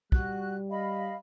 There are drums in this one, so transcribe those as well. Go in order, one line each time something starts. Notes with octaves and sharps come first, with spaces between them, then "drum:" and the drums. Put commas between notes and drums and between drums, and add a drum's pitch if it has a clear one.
G3 F#4 F#6, drum: kick
D#5 F5 B5